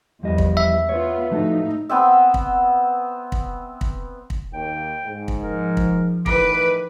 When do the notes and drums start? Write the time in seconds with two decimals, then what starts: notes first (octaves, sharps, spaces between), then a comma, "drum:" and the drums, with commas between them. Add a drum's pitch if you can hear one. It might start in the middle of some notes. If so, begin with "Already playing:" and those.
0.23 E2 F3 G3 D#5
0.38 drum: kick
0.57 E5
0.89 B3 F4 C#5
1.31 A2 F3 A3 D#4 F#4
1.89 B3 C4 E5
2.34 drum: kick
3.32 drum: kick
3.81 drum: kick
4.30 drum: kick
4.54 D#2 G5
5.06 G#2
5.28 drum: kick
5.41 F3 A#4
5.77 drum: kick
6.26 A2 D#3 E3 B4 D6, drum: kick